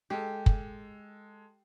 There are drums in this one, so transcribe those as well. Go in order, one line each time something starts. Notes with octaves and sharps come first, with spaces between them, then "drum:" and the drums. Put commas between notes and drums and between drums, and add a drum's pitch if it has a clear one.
G#3 G4 A4
drum: kick